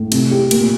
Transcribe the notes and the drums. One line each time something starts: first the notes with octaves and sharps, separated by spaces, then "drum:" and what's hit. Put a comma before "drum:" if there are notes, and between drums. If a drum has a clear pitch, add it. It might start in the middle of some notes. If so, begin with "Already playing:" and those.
Already playing: A2
C3, drum: cymbal
G4
A#2, drum: cymbal